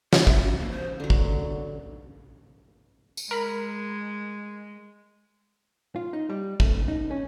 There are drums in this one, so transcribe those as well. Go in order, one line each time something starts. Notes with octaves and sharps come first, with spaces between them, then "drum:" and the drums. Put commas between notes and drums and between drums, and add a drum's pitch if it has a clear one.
E4, drum: snare
E5, drum: kick
F#4
A#3
C5
D3 F#3
drum: kick
drum: tambourine
G#3 A#4 B5
F4
D#4
G3
A3, drum: kick
D#4
C#4